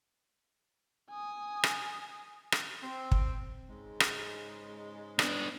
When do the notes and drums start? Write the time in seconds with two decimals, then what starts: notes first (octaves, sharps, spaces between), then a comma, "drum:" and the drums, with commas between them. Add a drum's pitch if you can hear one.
1.10 G#5 D#6
1.64 drum: rim click
2.52 drum: rim click
2.83 C4
3.12 drum: kick
3.68 G#2 C#3 G#3
4.00 drum: rim click
5.19 B3 D4, drum: rim click